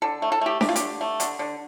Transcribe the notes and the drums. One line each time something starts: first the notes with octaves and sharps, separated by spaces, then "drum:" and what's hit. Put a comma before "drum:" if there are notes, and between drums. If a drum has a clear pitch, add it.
D3 A4
A3
A4
A3 G4
A3 G4, drum: snare D4
F4
D3 G4, drum: hi-hat
A3
D3, drum: hi-hat
D3